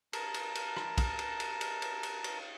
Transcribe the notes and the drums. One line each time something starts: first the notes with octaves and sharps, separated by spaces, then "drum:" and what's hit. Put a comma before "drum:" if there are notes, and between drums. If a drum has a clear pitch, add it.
A#4 A5, drum: cymbal
drum: cymbal
drum: cymbal
drum: rim click
drum: kick, cymbal
drum: cymbal
drum: cymbal
drum: cymbal
drum: cymbal
drum: cymbal
drum: cymbal